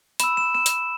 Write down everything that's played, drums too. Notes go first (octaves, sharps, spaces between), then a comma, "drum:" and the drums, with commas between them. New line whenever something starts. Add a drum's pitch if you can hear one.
B5 E6 E7, drum: hi-hat
E7
E7
drum: hi-hat